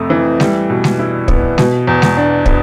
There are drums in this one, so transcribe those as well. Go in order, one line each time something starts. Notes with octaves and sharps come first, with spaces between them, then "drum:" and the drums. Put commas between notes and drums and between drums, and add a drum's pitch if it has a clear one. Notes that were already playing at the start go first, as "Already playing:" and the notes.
Already playing: F2 C3 A3
E3
G3, drum: snare G#3
B2
drum: snare G#3
E4
B3, drum: kick
B2, drum: snare G#3
E2
drum: snare G#3
D4
B3, drum: kick